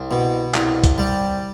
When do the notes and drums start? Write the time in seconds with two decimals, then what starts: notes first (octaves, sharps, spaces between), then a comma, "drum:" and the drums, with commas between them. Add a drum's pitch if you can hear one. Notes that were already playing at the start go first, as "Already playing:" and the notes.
Already playing: C2
0.11 B2
0.54 C2, drum: clap
0.84 drum: kick C2, hi-hat
0.98 G3